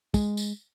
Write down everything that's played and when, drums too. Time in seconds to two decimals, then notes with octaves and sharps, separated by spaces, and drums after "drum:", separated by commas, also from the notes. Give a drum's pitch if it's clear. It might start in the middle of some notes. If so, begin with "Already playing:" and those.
0.14 G#3, drum: kick, tambourine
0.37 drum: tambourine